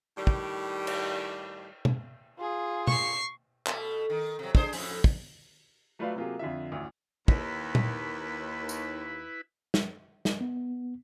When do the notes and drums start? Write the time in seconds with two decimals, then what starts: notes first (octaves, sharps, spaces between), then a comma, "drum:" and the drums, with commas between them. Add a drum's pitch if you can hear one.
0.18 A2 D#3 G3
0.27 drum: kick
0.87 drum: cymbal
1.85 drum: tom B2
2.38 F4 G#4
2.87 C#6 C7, drum: tom B2
3.67 B2 A3, drum: clap
4.10 D#3
4.39 C3 F#3
4.55 D4 G#4 C5, drum: kick
4.73 F2 A2, drum: open hi-hat
5.04 drum: kick
5.99 F#3 A3 F4 B4 D5 F5
6.16 C3 F#3 A#3 F4 G4 G#4
6.39 F2 D3 F4 E5
6.72 A1 D2
7.28 D#2 E4 B4, drum: kick
7.75 drum: tom
8.69 drum: tambourine
9.74 drum: snare
10.25 drum: snare
10.41 B3